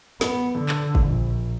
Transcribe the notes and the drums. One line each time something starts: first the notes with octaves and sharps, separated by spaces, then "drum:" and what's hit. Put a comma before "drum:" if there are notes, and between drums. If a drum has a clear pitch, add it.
B3, drum: snare
D3
drum: clap
drum: kick
A#1